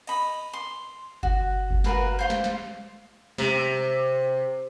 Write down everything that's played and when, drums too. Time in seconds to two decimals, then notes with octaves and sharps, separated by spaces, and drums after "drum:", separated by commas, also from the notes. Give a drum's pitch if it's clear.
0.07 D#5 B5, drum: cymbal
0.53 C6
1.23 F#4, drum: kick G1
1.70 drum: kick G1
1.84 F#4 A#4 B4 F5, drum: snare
2.19 C5 F5 C6
2.30 drum: snare
2.44 drum: snare
3.38 C3, drum: snare